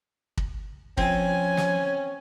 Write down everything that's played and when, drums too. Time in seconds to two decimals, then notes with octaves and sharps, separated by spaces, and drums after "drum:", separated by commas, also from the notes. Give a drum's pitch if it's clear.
0.37 drum: kick
0.97 F3 C4 C#4 G#5, drum: kick
1.57 drum: snare